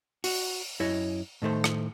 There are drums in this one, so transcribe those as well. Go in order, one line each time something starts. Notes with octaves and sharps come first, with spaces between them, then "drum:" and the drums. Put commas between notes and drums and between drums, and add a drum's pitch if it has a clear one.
F#4, drum: open hi-hat
F#2 E4 C#5 D#5
A2 D#3 A3 C5
drum: rim click